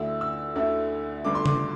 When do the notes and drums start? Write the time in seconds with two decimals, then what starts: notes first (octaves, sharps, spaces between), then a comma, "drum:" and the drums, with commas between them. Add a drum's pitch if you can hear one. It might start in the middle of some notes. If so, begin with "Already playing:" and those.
Already playing: D2 D3 A3 E4 E6
0.21 E6
0.56 D2 D3 A3 E4
1.24 G1 G2 D3 A3 D6
1.35 C6
1.46 D6, drum: tom C#3